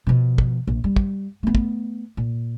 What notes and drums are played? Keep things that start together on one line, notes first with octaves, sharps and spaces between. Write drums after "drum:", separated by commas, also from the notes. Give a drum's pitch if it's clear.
B2 F3
drum: kick
A#1
G3
drum: kick
A3 B3
drum: kick
A#2